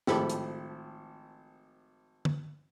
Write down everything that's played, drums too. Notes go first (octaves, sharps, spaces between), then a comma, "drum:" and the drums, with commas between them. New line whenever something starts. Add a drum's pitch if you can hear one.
G#1 A2 F3 G4 A4 B5, drum: snare
drum: hi-hat
drum: tom D3